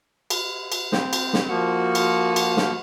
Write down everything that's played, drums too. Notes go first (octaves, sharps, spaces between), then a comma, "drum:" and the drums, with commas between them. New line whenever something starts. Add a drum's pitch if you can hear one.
drum: cymbal
drum: cymbal
C4, drum: snare
drum: cymbal
drum: snare
F3 A#3 F#4
drum: cymbal
drum: cymbal
drum: snare